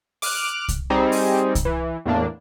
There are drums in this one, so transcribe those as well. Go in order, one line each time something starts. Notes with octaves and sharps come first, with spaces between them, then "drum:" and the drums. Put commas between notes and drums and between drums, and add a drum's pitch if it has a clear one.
D6 F6 F#6, drum: open hi-hat
drum: kick C2, hi-hat
G3 C4 D#4 G#4
drum: open hi-hat
drum: kick C2, hi-hat
E3
E2 A2 A#3 D4